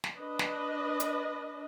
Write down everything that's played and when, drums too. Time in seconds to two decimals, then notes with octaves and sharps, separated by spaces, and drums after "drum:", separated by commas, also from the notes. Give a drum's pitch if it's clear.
0.04 drum: snare
0.18 D4 B4 D#5
0.39 drum: snare
1.00 drum: hi-hat